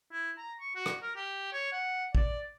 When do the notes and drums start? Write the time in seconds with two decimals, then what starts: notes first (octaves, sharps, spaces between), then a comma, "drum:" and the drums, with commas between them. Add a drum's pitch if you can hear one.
0.12 E4
0.38 A#5
0.60 C#6
0.75 F#4
0.86 drum: rim click
1.02 A#4
1.16 G4
1.53 C#5
1.72 F#5
2.15 D5, drum: kick A1